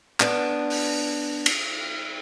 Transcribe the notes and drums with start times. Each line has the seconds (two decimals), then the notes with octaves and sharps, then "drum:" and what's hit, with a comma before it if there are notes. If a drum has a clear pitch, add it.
0.20 B3 D4, drum: clap
0.70 drum: open hi-hat
1.46 drum: cymbal